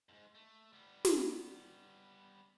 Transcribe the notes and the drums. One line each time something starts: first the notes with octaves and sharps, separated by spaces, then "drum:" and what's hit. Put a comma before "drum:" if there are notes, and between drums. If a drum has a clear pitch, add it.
F2 G#2
A3
G3 B3
drum: snare